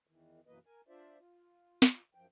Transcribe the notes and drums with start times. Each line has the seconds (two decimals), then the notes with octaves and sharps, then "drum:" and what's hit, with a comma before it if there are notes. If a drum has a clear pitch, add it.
0.07 E2 D#3 E3
0.47 F#2 B2 E3 A#3 B4 D#5
0.66 A#4 G#5
0.88 D4 F4 C5 D5 E5
1.18 F4
1.82 drum: snare
2.15 F#2 F3 G5